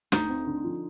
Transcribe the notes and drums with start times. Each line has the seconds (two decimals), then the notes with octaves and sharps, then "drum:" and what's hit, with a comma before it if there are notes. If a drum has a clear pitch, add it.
0.12 D2 D#4, drum: snare
0.29 C4
0.46 D3
0.64 F3